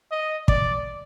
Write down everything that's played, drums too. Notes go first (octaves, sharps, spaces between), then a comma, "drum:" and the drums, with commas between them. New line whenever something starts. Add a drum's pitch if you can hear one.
D#5
D5, drum: kick